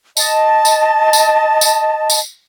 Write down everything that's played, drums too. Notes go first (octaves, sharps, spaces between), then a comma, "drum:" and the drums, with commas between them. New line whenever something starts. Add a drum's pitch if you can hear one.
D#5 A5, drum: tambourine
drum: tambourine
drum: tambourine
drum: tambourine
drum: tambourine